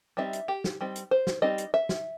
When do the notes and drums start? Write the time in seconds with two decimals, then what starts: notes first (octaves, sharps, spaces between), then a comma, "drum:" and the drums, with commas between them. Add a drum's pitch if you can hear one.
0.17 G3 C4 D#4 E5
0.33 drum: hi-hat
0.48 G4
0.64 drum: snare
0.81 G3 C4 D#4
0.96 drum: hi-hat
1.11 C5
1.27 drum: snare
1.42 G3 C4 D#4 D#5
1.58 drum: hi-hat
1.74 E5
1.89 drum: snare